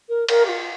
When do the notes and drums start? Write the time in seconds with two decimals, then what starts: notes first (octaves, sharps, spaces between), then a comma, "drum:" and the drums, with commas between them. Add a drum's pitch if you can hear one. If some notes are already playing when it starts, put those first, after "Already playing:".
0.09 A#4
0.29 A#4, drum: cymbal
0.45 G4
0.49 F4